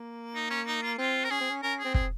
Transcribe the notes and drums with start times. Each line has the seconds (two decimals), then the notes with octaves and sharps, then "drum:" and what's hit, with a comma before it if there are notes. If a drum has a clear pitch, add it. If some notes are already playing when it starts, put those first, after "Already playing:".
Already playing: A#3
0.35 D#4
0.50 C#4
0.67 D#4
0.82 F4
0.98 C4 F4
1.25 A#4
1.31 C#4 G#4
1.41 C4
1.50 C#4
1.63 C#4 A#4
1.79 G#4
1.84 C4
1.94 G#4, drum: kick